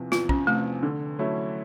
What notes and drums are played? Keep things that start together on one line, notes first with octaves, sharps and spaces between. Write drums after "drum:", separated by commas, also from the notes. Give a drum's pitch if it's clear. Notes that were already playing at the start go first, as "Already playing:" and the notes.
Already playing: E2 C3 F3
E2 F4, drum: snare
C#4, drum: kick
C3 F3 A3
D3
F#3 A3 C#4 E4